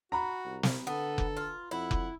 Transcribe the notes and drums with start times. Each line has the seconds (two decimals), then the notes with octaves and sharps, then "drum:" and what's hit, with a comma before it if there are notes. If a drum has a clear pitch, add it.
0.12 F#4 A#5 B5
0.45 C2
0.63 drum: snare
0.87 D3 B3 A4
1.18 drum: kick F1
1.37 F4
1.71 F2 E4 F#5
1.91 drum: kick F1